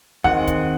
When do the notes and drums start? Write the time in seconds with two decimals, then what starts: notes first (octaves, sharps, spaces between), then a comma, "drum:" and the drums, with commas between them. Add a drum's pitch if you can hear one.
0.24 D#3 G#3 C4 F#5, drum: kick
0.47 drum: kick, hi-hat